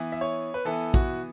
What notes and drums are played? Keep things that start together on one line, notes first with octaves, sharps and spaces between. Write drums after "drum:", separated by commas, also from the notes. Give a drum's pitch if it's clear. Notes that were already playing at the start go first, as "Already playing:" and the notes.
Already playing: E3 B3 E4
E5
C#5
B4
E3 B3 E4 A4
F#4, drum: kick A#1, hi-hat